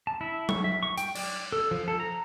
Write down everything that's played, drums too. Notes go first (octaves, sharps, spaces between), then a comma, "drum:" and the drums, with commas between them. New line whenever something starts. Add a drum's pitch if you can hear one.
A5
E4
C#6, drum: tom F#3
E5
C#6
G5, drum: hi-hat
D5, drum: cymbal
A4
F3
A4
A#5